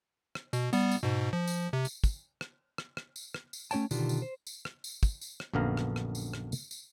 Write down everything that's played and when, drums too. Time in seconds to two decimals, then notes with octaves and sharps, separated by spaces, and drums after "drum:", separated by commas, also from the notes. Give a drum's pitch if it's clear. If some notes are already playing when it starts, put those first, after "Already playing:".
0.35 drum: rim click
0.53 B2, drum: tambourine
0.73 G3 B3, drum: tambourine
0.91 drum: tambourine
1.03 G#2 B2
1.33 F3
1.48 drum: tambourine
1.73 C3
1.85 drum: tambourine
2.04 drum: kick, tambourine
2.41 drum: rim click
2.78 drum: rim click
2.97 drum: rim click
3.16 drum: tambourine
3.34 drum: rim click
3.53 drum: tambourine
3.71 A3 C#4 F#4 C#5 G5 A5, drum: tambourine
3.91 B2 D3 D#3 D4 F4 G4, drum: tambourine
4.09 drum: tambourine
4.22 C5
4.47 drum: tambourine
4.65 drum: rim click
4.84 drum: tambourine
5.03 drum: kick, tambourine
5.21 drum: tambourine
5.40 drum: rim click
5.54 A#1 F#2 D3 B3 F5 A#5
5.77 drum: rim click
5.96 drum: rim click
6.15 drum: tambourine
6.34 drum: rim click
6.52 drum: tambourine
6.71 drum: tambourine